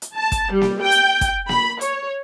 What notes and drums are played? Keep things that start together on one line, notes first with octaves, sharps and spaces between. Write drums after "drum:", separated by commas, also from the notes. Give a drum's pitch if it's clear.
drum: hi-hat
A5
drum: kick, hi-hat
G3
drum: snare A#3
G5
drum: hi-hat
drum: kick, hi-hat
B5, drum: snare A#3
C#5, drum: hi-hat